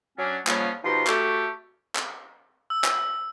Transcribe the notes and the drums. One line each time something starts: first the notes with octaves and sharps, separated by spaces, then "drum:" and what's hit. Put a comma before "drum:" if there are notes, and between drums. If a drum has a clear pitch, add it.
F#3 C#4 D4
C#3 F3 G3 A#3 B3 C#4, drum: clap
B2 F3 D#4 G4 C6
A3 F#4 G4, drum: clap
drum: clap
E6
drum: clap